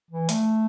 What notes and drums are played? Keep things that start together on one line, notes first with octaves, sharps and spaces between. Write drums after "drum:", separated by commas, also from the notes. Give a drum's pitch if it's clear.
E3
A3, drum: hi-hat